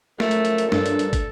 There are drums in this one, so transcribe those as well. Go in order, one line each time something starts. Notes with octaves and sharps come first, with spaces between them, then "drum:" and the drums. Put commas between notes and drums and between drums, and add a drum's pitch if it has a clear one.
F#2 F3 A3 A#4, drum: snare
drum: hi-hat
drum: hi-hat
drum: hi-hat
G2 A4, drum: snare
drum: hi-hat
drum: hi-hat
drum: kick, hi-hat